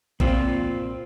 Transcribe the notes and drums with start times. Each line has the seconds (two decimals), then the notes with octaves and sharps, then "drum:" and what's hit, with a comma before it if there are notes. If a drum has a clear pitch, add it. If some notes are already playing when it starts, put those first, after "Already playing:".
0.20 A#2 C4 F4, drum: kick A#1